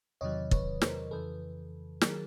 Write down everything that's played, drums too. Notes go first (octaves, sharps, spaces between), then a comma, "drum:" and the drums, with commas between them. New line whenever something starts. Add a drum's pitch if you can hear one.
E2 C3 D#3 F#3 C#5 D#5
B4 C#5, drum: kick
A#4 C5, drum: snare
F2 C#3 E3 A4 B4
D#3 F#3 G#4 A#4, drum: snare